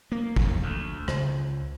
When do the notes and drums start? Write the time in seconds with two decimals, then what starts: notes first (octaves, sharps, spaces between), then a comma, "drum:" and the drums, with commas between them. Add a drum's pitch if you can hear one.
0.12 A#3
0.36 F2, drum: kick
0.62 D2
1.08 C#2, drum: rim click